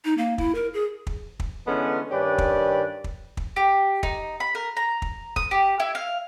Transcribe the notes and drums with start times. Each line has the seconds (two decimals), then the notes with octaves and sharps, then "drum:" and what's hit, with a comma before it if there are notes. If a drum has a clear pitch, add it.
0.05 D#4
0.18 A#3
0.38 E4, drum: kick
0.55 A#4
0.74 G#4
1.07 drum: kick
1.40 drum: kick
1.67 D3 E3 G#3 B3 C#4 A4
2.11 G2 D#3 C#4 G4 B4 D5
2.38 drum: kick
3.04 drum: kick
3.37 drum: kick
3.56 G4
4.03 D#4, drum: kick
4.40 B5
4.55 A#4
4.77 A#5
5.02 drum: kick
5.36 D#6, drum: kick
5.51 G4
5.80 E4
5.95 F5